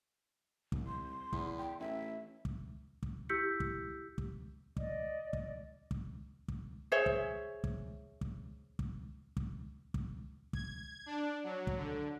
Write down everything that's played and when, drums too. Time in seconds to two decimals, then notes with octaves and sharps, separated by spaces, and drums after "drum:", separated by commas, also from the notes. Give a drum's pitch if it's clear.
0.72 C2, drum: kick
0.87 C6
1.33 E2, drum: kick
1.58 G5
1.80 A1 E5
2.45 drum: kick
3.03 drum: kick
3.29 E4 G4 E6 G6 B6 C#7
3.60 drum: kick
4.18 drum: kick
4.77 D5 D#5, drum: kick
5.33 drum: kick
5.91 drum: kick
6.48 drum: kick
6.92 G#4 C5 C#5 E5
7.06 drum: kick
7.64 drum: kick
8.21 drum: kick
8.79 drum: kick
9.37 drum: kick
9.94 drum: kick
10.53 G#6, drum: kick
11.06 D4
11.44 F#3
11.67 drum: kick
11.77 D3